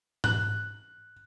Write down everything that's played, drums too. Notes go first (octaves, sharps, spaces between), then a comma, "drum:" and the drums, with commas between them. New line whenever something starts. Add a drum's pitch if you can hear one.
F#6, drum: tom G#2